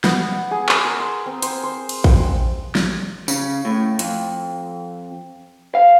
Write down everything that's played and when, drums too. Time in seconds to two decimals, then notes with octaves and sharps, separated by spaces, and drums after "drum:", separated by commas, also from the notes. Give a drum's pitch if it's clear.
0.04 B3, drum: snare
0.32 F#5
0.51 G#4
0.69 G#4, drum: clap
0.85 A#4
1.00 C6
1.26 C4
1.42 C5, drum: hi-hat
1.64 C5
1.89 drum: cymbal
2.04 G5, drum: kick A1
2.75 drum: snare
3.28 C#3, drum: tambourine
3.65 A2
3.99 F2, drum: hi-hat
5.75 F5